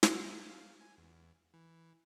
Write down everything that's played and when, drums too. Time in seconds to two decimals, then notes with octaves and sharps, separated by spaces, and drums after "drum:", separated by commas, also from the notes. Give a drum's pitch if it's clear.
0.03 B3, drum: snare
0.47 F5
0.81 G#5
0.98 E2
1.54 E3